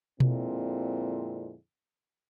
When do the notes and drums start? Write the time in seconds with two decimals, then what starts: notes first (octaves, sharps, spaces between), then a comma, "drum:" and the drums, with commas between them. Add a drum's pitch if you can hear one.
0.20 F2 A#2 D3 G#3 C4 E4, drum: tom B2